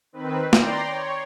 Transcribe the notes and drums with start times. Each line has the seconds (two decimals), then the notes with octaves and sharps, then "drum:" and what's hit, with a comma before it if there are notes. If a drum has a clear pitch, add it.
0.13 D#3 C4 B4
0.53 D5 G5 A#5 C6, drum: snare
0.87 C#5